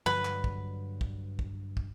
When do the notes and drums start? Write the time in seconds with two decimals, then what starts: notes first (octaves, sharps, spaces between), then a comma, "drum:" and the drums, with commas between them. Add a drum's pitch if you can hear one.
0.06 G2 D3 F#3 B4, drum: tom
0.25 drum: clap
0.44 drum: kick
1.01 drum: kick
1.39 drum: kick
1.77 drum: kick